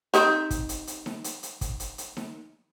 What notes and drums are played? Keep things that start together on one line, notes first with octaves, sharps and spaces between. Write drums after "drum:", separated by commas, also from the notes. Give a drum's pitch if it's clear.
C4 D#4 G4, drum: hi-hat
drum: kick, hi-hat
drum: hi-hat
drum: hi-hat
drum: snare D#4
drum: hi-hat
drum: hi-hat
drum: kick, hi-hat
drum: hi-hat
drum: hi-hat
drum: snare D#4